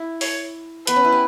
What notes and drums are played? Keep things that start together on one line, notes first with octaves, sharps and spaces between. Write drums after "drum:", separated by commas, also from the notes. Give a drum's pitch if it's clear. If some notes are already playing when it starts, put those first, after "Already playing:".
Already playing: E4
C#5, drum: open hi-hat
B3 B4, drum: hi-hat
C#4
E4
G4